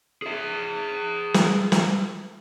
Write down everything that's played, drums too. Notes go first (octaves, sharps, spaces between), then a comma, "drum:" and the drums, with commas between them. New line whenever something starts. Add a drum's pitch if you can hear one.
G#4 E5
drum: snare
drum: snare